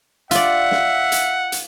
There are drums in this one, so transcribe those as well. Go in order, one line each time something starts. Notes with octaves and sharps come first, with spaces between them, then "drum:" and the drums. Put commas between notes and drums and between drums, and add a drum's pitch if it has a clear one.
F4 D5 E5 F#5, drum: hi-hat
drum: snare
drum: hi-hat
drum: hi-hat